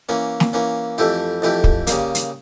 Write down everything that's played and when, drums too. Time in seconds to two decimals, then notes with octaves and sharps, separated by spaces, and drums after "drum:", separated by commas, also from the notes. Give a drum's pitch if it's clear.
0.09 E3 A#3 C#4
0.40 drum: snare
0.53 E3 A#3 C#4
0.98 F2 E3 A3 E4 G4
1.42 F2 E3 A3 E4 G4
1.64 drum: kick
1.87 C#3 G3 A#3, drum: hi-hat
2.15 drum: hi-hat